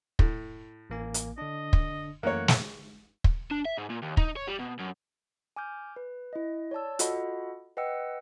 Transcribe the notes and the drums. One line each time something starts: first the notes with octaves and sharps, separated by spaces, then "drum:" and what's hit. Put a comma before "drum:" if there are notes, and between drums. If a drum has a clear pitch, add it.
A2, drum: kick
A1 A#3 G#5
drum: hi-hat
D3 D4 D#5
drum: kick
F#2 E3 A3 A#3 C#5 F#5
drum: snare
drum: kick
D4
E5
G#2
A#2
D#2
D#4, drum: kick
C#5
G3
B2
F#2
G#5 D6 F6 G6
B4
E4 D#5
C#5 D5 A5 E6
F4 F#4 A4 D#5 F#5 B5, drum: hi-hat
B4 D#5 F#5 G5 E6 C#7